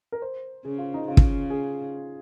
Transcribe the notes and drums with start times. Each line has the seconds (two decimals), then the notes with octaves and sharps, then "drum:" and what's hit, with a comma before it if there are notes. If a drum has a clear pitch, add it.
0.12 A#4
0.22 C5
0.65 C#3 G#4
0.78 F4
0.94 D#4
1.08 C#3 F4
1.17 drum: kick
1.50 G#4